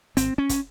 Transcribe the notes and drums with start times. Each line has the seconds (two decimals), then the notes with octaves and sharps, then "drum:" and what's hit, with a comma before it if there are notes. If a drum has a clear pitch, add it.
0.17 G#1 C4, drum: hi-hat
0.38 C#4
0.49 drum: kick, hi-hat